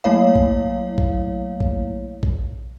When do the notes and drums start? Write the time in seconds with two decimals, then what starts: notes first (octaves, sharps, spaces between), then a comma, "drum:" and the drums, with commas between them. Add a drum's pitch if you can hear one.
0.04 F#3 A3 A#3 E4 C#5 F5
0.35 drum: kick
0.98 drum: kick
1.60 drum: kick
2.23 drum: kick